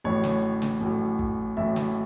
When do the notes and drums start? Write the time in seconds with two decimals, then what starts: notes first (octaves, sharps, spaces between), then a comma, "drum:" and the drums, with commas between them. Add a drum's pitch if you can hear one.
0.04 A1 A2 F#3 C#5
0.24 drum: snare
0.62 drum: snare
0.81 A1 A2 F#3
1.19 drum: kick
1.57 A1 A2 F#3 E5
1.76 drum: snare